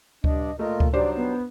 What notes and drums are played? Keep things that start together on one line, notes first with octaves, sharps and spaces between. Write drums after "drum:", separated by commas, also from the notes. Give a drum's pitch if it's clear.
G2 D4 D#5, drum: kick C#2
A#2 A3 F4 A#4 D#5
drum: kick C#2
F#3 G3 D4 D#4 G4 C5 D5
B3